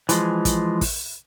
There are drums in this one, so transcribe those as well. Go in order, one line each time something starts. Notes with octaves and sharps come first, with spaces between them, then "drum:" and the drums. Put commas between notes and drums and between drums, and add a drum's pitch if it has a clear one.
E3 F3 G#3, drum: hi-hat
drum: kick, hi-hat
drum: kick, open hi-hat